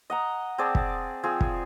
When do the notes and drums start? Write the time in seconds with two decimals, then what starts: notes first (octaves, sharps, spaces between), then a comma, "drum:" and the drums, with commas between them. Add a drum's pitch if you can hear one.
0.10 D#5 F#5 A#5
0.58 C4 G#4 D5 A5
0.75 drum: kick
1.23 F3 C4 G#4
1.41 drum: kick